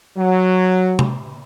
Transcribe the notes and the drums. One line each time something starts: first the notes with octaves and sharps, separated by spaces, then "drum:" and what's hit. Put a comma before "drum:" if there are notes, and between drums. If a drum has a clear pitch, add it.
F#3
drum: tom C3